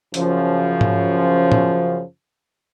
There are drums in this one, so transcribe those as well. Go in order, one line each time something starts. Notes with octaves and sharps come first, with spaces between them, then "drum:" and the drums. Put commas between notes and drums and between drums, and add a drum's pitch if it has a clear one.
F#2 C#3 F3, drum: hi-hat
drum: tom G#2
drum: tom